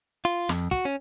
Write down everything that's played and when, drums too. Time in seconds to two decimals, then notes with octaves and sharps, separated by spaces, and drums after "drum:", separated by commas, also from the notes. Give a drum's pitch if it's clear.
0.25 F4
0.49 F2, drum: snare
0.71 F#4, drum: kick
0.85 C#4